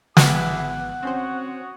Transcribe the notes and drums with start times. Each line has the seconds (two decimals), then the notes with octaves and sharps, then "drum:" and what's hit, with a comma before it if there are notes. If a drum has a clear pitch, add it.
0.17 G#1 B3 E4 G#4 F#5 D6, drum: snare
1.03 C4 C#4 F#4 C5 C#5 D#6